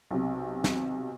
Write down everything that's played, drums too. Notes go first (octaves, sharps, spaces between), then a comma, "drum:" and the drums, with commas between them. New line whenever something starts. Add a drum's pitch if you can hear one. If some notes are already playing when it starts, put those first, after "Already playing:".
B1 C3
drum: snare